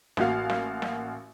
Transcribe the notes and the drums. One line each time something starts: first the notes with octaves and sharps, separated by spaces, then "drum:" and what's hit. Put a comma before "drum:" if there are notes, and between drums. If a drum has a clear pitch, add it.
A1 A#3 F#4 F5, drum: snare
drum: snare
drum: snare